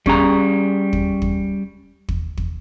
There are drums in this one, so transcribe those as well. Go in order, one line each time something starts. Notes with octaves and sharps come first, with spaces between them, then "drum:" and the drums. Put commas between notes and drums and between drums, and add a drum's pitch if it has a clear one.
G3 C#4 G#4 A#5, drum: kick
drum: kick
drum: kick
drum: kick
drum: kick